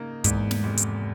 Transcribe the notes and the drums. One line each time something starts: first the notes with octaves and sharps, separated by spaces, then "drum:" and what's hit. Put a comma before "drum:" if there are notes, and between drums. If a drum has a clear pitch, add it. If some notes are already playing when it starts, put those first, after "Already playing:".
Already playing: C#3 A#3 D#4
E2 G#2, drum: kick, hi-hat
drum: snare
F1
drum: hi-hat